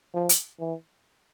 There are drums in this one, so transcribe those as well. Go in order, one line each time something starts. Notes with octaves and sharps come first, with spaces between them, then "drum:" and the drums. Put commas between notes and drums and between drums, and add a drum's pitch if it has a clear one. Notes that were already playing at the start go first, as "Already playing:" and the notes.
F3
drum: hi-hat
E3